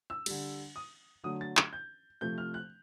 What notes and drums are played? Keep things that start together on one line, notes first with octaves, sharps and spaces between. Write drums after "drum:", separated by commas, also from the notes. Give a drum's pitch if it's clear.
E6
D3 G3, drum: cymbal
D#6
D3 F#3 A3 D#6
A6
G#6, drum: clap
G6
C3 F3 A3 G6
F6
F#6